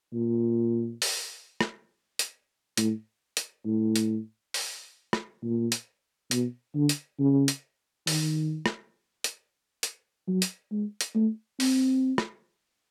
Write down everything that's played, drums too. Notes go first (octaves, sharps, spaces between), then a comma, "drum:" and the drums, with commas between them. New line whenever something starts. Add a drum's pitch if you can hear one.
A#2
drum: open hi-hat
drum: rim click
drum: hi-hat
A2, drum: hi-hat
drum: hi-hat
A2
drum: hi-hat
drum: open hi-hat
drum: rim click
A#2
drum: hi-hat
B2, drum: hi-hat
D3
drum: hi-hat
C#3
drum: hi-hat
D#3, drum: open hi-hat
drum: rim click
drum: hi-hat
drum: hi-hat
F#3
drum: hi-hat
G#3
drum: hi-hat
A3
C4, drum: open hi-hat
drum: rim click